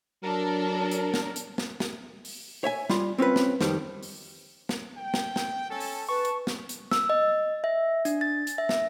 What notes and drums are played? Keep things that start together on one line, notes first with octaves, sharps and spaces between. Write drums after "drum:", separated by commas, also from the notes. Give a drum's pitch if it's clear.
F#3 D4 A4 A#4
drum: hi-hat
drum: snare
drum: hi-hat
drum: snare
drum: snare
drum: open hi-hat
C#5 E5 G#5
G3 F4, drum: snare
C4 C#4 F4 B4
drum: snare
F2 D#3 G3, drum: snare
drum: open hi-hat
drum: snare
G5
drum: snare
drum: snare
C#4 A4 G#5
drum: open hi-hat
B4 A5 C#6
drum: hi-hat
drum: snare
drum: hi-hat
E6, drum: snare
D#5
E5
D4, drum: hi-hat
A6
drum: hi-hat
E5
drum: snare